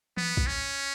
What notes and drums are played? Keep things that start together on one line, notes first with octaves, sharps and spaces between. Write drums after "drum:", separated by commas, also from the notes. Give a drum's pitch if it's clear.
B3, drum: tom E3
drum: kick
C#4